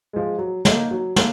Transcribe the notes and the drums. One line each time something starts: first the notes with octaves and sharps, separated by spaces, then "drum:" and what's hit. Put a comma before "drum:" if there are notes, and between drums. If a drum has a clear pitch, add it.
F3 G#3
F#3
A#3 D#4, drum: snare
F#3
A#3, drum: snare